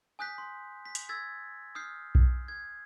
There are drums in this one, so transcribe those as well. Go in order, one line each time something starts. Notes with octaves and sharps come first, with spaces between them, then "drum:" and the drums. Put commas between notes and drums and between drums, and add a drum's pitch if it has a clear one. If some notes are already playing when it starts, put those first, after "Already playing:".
G#5 D#6 F#6 G6 B6
C6
B6
drum: hi-hat
E6 G#6 A6 B6
D#6 F6 G6 C7
drum: kick B1
G#6